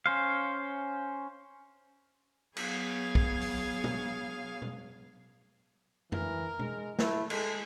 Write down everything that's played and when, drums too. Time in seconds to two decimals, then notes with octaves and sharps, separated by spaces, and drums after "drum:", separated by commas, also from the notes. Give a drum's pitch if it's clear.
0.06 C#4 C5 F5
2.56 F#3 B3 G#4 F5 G#6, drum: cymbal
3.15 drum: kick
3.41 drum: open hi-hat
3.84 drum: tom
4.62 drum: tom B2
6.12 E3 A#4, drum: tom F2
6.59 G#3, drum: tom B2
6.99 A3 E4, drum: snare
7.30 G#3 A4, drum: cymbal